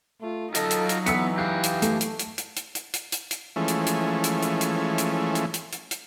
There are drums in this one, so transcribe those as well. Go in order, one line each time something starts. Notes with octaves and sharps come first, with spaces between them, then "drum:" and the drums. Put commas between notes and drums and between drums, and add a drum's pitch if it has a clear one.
A3 F4
F#3 D#4 F4 A4 D#5, drum: hi-hat
drum: hi-hat
drum: hi-hat
E3 B3 E6 B6 C#7, drum: hi-hat
G4 F5 F#6
drum: hi-hat
A3, drum: hi-hat
drum: hi-hat
drum: hi-hat
drum: hi-hat
drum: hi-hat
drum: hi-hat
drum: hi-hat
drum: hi-hat
drum: hi-hat
E3 F3 G#3 A3 C#4
drum: hi-hat
drum: hi-hat
drum: hi-hat
drum: hi-hat
drum: hi-hat
drum: hi-hat
drum: hi-hat
drum: hi-hat
drum: hi-hat
drum: hi-hat